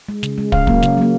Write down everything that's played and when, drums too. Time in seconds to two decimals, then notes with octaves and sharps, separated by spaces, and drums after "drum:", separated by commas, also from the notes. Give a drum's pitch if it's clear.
0.09 G#3
0.23 C#3, drum: snare
0.38 G#3
0.52 C#3 F5, drum: kick
0.67 F#3 A#3, drum: kick
0.82 C#3, drum: snare
0.97 F#3 A#3